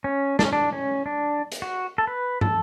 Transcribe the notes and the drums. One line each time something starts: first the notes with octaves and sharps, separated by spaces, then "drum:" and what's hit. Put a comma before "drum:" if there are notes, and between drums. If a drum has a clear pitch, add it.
C#4
D4, drum: snare
C#4
D4
C#4
D4
drum: hi-hat
F#4
A4
B4
A4, drum: tom